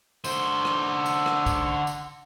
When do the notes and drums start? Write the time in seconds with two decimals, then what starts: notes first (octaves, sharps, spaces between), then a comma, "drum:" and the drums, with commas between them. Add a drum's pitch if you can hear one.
0.24 D3 C5, drum: tambourine
0.65 drum: rim click
1.06 drum: tambourine
1.26 drum: rim click
1.46 drum: kick, tambourine
1.87 drum: tambourine